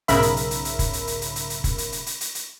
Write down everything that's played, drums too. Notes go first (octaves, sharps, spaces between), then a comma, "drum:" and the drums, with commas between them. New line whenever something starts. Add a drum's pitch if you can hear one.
B1 G#2 C#3 A#4 E5 B5, drum: hi-hat
drum: hi-hat
drum: hi-hat
drum: hi-hat
drum: hi-hat
drum: kick F#1, hi-hat
drum: hi-hat
drum: hi-hat
drum: hi-hat
drum: hi-hat
drum: hi-hat
drum: kick F#1, hi-hat
drum: hi-hat
drum: hi-hat
drum: hi-hat
drum: hi-hat
drum: hi-hat